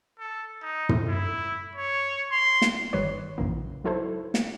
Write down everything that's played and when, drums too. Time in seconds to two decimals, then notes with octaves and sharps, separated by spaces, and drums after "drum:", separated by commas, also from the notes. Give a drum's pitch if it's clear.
0.19 A4
0.63 D#4
0.89 drum: tom
1.08 E4
1.75 C#5
2.32 C6
2.62 drum: snare
2.93 G1 D#3 G3 B4 C#5
3.38 A#1 F#2 C#3 E3 A#3
3.84 F#3 D#4 E4 A4 B4 C5
4.34 drum: snare